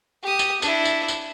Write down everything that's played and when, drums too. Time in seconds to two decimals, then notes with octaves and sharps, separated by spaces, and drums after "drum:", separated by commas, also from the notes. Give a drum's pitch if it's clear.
0.23 G4 D#6
0.39 drum: tambourine
0.62 D4 E4, drum: tambourine
0.85 drum: tambourine
1.08 drum: tambourine